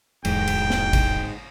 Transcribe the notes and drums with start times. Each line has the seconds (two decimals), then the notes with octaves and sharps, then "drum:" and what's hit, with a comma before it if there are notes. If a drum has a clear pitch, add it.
0.25 D1 E2 G#2 G5, drum: cymbal
0.47 drum: cymbal
0.70 drum: snare
0.93 drum: kick G#1, cymbal